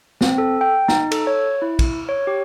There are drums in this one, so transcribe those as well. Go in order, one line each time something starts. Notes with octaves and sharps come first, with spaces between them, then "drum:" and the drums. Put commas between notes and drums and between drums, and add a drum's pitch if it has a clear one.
C4, drum: snare
A4
G5
D#4, drum: snare
A4, drum: cymbal
C#5
E4
drum: kick, cymbal
C#5
G4